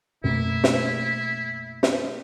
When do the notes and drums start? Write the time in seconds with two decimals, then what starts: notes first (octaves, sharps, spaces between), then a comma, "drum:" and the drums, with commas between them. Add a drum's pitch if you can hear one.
0.24 F#2 B2 A3 A#3 E4
0.64 drum: snare
1.83 drum: snare